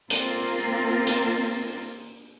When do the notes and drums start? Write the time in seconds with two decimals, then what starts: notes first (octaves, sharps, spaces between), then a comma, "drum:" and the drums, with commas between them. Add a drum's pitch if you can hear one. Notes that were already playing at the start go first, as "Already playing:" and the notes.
0.10 A#3 C4 F4 A#4, drum: hi-hat
1.07 drum: hi-hat